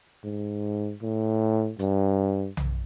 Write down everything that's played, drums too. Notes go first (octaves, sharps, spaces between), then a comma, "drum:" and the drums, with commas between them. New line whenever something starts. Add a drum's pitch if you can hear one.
G#2
A2
G2, drum: hi-hat
drum: tom B1